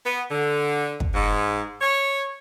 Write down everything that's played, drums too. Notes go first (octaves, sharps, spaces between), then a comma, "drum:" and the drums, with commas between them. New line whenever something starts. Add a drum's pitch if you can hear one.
B3
D3
drum: kick
G#2
C#5